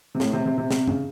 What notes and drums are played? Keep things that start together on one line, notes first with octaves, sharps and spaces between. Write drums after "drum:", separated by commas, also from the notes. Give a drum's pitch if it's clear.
C3
A2, drum: snare
C3
C3
C3
C3, drum: snare
C#3, drum: tom G2